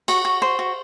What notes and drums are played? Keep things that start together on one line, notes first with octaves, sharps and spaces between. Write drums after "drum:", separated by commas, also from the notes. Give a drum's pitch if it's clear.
F#4 C#6, drum: cymbal
F#4
C5
F#4